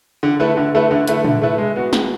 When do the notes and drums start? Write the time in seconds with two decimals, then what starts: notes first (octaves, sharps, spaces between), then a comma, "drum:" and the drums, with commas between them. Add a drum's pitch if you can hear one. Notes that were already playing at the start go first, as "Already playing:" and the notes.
0.23 D3
0.40 A3 E4 B4
0.57 D3
0.75 A3 E4 B4
0.91 D3
1.07 A3 E4 B4, drum: hi-hat
1.24 D3, drum: tom
1.41 A3 E4 B4
1.58 G#3
1.76 B3 F#4
1.93 G#3, drum: snare